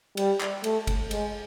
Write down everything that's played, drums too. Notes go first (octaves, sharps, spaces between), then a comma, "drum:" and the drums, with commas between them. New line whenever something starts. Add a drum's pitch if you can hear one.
G3, drum: cymbal
drum: clap
A3, drum: cymbal
drum: kick G1, cymbal
G#3, drum: cymbal